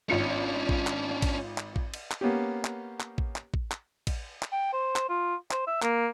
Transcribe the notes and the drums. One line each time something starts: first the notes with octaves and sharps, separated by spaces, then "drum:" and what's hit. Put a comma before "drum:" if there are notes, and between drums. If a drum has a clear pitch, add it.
G#1 C#4 D4 F4 C#7
drum: kick A1
drum: clap
drum: kick A1, cymbal
drum: clap
drum: kick A1
drum: cymbal
drum: clap
A#3 B3 C#4 G4
drum: clap
drum: clap
drum: kick A1
drum: clap
drum: kick A1
drum: clap
drum: kick A1, cymbal
drum: clap
G5
C5
drum: clap
F4
C5, drum: clap
E5
A#3, drum: clap